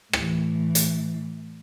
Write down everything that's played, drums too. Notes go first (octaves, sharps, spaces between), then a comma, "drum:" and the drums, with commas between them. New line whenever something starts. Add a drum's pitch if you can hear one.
A2 E3, drum: rim click
drum: hi-hat